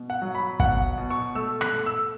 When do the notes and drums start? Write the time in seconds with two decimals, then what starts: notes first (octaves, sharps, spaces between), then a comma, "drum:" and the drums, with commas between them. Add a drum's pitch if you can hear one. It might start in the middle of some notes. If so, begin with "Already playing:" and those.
Already playing: B2
0.10 F#5
0.22 F#3
0.35 B5
0.59 B2 F#5, drum: kick
0.98 B2
1.10 C#6
1.35 A3 E6
1.61 F#6, drum: rim click
1.74 A3
1.86 E6